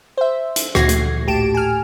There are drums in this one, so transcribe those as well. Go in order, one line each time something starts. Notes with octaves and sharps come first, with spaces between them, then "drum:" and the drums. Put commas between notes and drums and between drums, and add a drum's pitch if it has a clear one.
C5 E5
drum: hi-hat
D2 A#2 F#4 G#6 A#6 C7, drum: rim click
A3, drum: hi-hat
A1 A2 G4 A5 D7 E7
G#5 F6